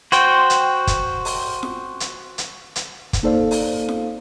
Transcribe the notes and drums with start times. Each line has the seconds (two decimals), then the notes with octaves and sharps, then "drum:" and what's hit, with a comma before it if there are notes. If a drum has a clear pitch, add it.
0.12 F#4 C5 G5, drum: hi-hat
0.50 drum: hi-hat
0.87 drum: kick, hi-hat
1.25 drum: open hi-hat
1.63 drum: snare F4
2.00 drum: hi-hat
2.38 drum: hi-hat
2.76 drum: hi-hat
3.13 drum: kick, hi-hat
3.23 A#3 D#4 A4 C5 D5 F5
3.51 drum: open hi-hat
3.89 drum: snare F4